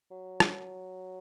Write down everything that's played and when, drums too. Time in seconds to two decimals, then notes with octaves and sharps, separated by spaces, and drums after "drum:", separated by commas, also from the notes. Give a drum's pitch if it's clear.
0.11 F#3
0.40 drum: rim click